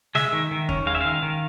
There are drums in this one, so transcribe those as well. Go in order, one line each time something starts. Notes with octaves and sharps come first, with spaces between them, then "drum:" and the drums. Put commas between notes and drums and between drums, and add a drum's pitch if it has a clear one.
G#3 E5, drum: snare
D#3
D#3
C#4, drum: kick
G#3 F5
E5
D#3 F5
D#3